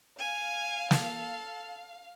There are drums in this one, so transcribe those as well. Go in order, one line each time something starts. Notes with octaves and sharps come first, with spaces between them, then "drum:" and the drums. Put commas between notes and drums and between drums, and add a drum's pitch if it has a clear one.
F5 G#5
A4, drum: snare